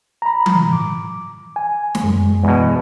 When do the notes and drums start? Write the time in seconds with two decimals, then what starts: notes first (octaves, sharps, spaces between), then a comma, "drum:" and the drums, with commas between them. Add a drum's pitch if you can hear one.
0.22 A#5 B5
0.46 drum: tom E3
0.73 D6
1.56 G#5
1.95 drum: snare
2.04 F#2 G#3
2.44 E2 B2